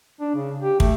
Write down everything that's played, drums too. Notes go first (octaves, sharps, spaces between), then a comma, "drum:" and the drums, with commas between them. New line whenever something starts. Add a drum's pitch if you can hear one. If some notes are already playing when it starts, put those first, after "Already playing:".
D4
C#3
G4
A3, drum: kick